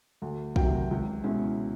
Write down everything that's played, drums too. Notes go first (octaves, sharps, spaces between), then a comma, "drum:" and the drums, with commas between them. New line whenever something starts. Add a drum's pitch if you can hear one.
D2
C3 D#3 F#3 G5, drum: kick
C#2
B2 G#3 C#4 E4